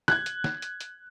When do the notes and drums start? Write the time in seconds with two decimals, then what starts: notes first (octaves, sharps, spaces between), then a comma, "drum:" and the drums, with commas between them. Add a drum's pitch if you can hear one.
0.08 F#6 G#6, drum: snare
0.26 drum: hi-hat
0.44 drum: snare
0.62 drum: hi-hat
0.81 drum: hi-hat